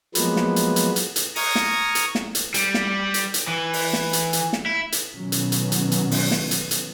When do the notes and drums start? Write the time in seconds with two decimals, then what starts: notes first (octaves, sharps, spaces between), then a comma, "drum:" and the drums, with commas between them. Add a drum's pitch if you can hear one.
0.15 F3 F#3 G#3 A#3 B3 B4, drum: hi-hat
0.36 drum: snare
0.56 drum: hi-hat
0.76 drum: hi-hat
0.96 drum: hi-hat
1.16 drum: hi-hat
1.36 A#5 C#6 D#6 F6 G#6 A#6, drum: open hi-hat
1.55 drum: snare
1.95 drum: hi-hat
2.15 drum: snare
2.35 drum: hi-hat
2.54 G3, drum: hi-hat
2.74 drum: snare
3.14 drum: hi-hat
3.34 drum: hi-hat
3.48 E3
3.73 drum: open hi-hat
3.93 drum: snare
4.13 drum: hi-hat
4.33 drum: hi-hat
4.53 drum: snare
4.66 E4
4.92 drum: hi-hat
5.16 B2 D#3 E3 F#3 B3 C#4
5.32 drum: hi-hat
5.52 drum: hi-hat
5.72 drum: hi-hat
5.92 drum: hi-hat
6.11 drum: open hi-hat
6.31 drum: snare
6.51 drum: hi-hat
6.71 drum: hi-hat